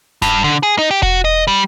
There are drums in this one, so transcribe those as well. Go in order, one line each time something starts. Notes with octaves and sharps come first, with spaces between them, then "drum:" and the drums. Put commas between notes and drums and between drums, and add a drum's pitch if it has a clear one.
G2, drum: snare E1
D3
G#4
D#4
G4
F#4, drum: kick E1
D#5
G3